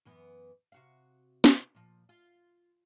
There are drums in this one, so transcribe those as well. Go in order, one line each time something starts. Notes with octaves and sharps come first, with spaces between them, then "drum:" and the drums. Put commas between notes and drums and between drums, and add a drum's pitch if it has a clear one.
F#2 E3 B3
C3 F#4 F5
drum: snare
A#2 F3
F4